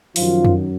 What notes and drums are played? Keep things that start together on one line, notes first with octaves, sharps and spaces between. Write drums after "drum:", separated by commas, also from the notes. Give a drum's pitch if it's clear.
F#2 D#3 F3 F#3 F4, drum: open hi-hat
drum: tom F2